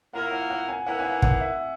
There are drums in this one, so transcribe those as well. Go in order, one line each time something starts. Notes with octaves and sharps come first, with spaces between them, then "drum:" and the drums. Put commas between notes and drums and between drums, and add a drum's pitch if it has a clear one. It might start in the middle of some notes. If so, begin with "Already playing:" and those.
A#2 A#3 E4 A#4 F#5
F#5
F#5
G#5
D#3 A#3 E4 B4 F#5
G#5
F#5
F#5, drum: kick
E5